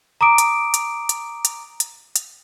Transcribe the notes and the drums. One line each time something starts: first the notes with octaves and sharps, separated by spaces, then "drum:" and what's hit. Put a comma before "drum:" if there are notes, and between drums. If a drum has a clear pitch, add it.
A#5 D6 D#6 D7
drum: hi-hat
drum: hi-hat
drum: hi-hat
drum: hi-hat
drum: hi-hat
drum: hi-hat